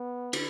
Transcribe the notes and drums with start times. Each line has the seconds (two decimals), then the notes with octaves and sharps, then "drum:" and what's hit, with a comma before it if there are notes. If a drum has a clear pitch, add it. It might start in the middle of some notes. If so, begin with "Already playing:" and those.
Already playing: B3
0.33 D3, drum: cymbal